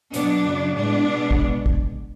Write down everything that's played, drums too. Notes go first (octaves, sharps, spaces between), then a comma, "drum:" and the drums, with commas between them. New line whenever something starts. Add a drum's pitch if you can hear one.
B2 F#3 B3 D4, drum: hi-hat
F#2 C#3 F#3
A2 G#3 B3 D4
B2 G#3 B3
drum: kick
drum: kick